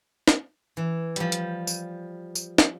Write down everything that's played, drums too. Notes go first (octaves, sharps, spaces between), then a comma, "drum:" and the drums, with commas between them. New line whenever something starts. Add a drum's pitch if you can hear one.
drum: snare
E3
F3 G3, drum: hi-hat
drum: hi-hat
drum: tambourine
drum: tambourine
drum: snare